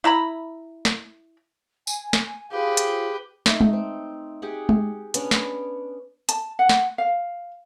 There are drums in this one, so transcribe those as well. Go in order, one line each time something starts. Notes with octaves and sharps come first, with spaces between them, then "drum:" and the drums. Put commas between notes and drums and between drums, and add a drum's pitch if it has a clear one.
E4 E5 A#5 B5
drum: snare
G#5, drum: tambourine
drum: snare
F4 G4 G#4 B4 C5 F5
drum: hi-hat
A3 D#4, drum: snare
drum: tom G#3
C4
G4 G#4 F#5
drum: tom G#3
B3 C#4 D4, drum: hi-hat
drum: snare
A5, drum: hi-hat
F#5
drum: snare
F5